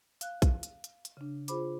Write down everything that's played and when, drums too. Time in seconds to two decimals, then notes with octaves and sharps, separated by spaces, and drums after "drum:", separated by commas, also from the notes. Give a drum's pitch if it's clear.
0.21 F5 F#6, drum: hi-hat
0.42 drum: kick A#1, hi-hat
0.63 drum: hi-hat
0.84 drum: hi-hat
1.05 drum: hi-hat
1.17 C#3 D4
1.48 F4 G#4 C5 B5 D6, drum: hi-hat